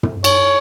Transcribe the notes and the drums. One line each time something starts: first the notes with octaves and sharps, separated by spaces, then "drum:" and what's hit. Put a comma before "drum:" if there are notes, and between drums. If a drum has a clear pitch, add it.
drum: tom
C#5, drum: cymbal